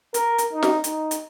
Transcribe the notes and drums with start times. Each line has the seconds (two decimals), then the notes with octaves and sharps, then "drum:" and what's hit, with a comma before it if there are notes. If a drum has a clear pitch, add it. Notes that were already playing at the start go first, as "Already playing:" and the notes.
0.14 A#4, drum: hi-hat
0.38 drum: hi-hat
0.53 D#4
0.63 drum: snare
0.84 D#4, drum: hi-hat
1.11 drum: hi-hat